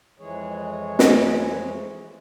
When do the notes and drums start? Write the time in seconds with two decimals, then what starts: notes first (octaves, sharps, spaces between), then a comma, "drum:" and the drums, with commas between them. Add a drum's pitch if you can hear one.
0.19 F2 E3 G#3 G#4 C#5
0.99 drum: snare